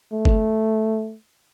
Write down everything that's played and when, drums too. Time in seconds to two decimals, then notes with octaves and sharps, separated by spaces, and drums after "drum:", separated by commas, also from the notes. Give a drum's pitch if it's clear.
0.13 A3
0.25 drum: kick